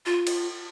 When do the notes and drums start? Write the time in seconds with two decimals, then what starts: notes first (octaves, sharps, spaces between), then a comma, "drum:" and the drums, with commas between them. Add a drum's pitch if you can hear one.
0.06 F4
0.27 drum: cymbal